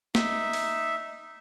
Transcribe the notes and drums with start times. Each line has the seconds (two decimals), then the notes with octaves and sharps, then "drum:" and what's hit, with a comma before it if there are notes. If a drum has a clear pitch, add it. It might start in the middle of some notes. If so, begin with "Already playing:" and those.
0.15 D#4 E5, drum: snare
0.53 drum: open hi-hat